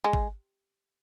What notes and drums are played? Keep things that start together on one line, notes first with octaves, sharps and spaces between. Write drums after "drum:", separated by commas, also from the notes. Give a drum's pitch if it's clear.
G#3
drum: kick